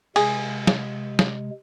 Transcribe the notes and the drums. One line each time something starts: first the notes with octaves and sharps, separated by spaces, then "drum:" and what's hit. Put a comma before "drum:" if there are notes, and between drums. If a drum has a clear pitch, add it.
C3 G#3 G#4, drum: cymbal
drum: snare
drum: snare